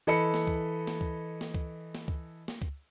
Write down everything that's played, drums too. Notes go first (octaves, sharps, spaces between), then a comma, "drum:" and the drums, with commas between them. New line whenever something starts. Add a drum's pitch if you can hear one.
E3 A4 D#5 B5 C#7
drum: snare
drum: kick C#2
drum: snare
drum: kick C#2
drum: snare
drum: kick C#2
drum: snare
drum: kick C#2
drum: snare
drum: kick C#2